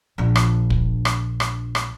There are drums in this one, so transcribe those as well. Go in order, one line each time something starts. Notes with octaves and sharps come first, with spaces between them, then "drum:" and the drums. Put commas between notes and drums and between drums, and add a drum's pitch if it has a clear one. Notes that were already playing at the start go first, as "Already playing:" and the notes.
A#1 D4
drum: rim click
drum: kick
drum: rim click
drum: rim click
drum: rim click